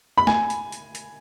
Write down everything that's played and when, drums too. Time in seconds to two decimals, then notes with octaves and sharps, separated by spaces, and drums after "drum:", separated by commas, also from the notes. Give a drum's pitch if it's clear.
0.18 B5
0.27 G#5, drum: snare A3
0.50 drum: hi-hat
0.72 drum: hi-hat
0.95 drum: hi-hat